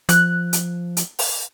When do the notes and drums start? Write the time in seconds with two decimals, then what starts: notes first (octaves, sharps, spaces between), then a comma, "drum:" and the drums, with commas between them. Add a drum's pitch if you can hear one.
0.09 F3 F#6, drum: hi-hat
0.53 drum: hi-hat
0.97 drum: hi-hat
1.19 drum: open hi-hat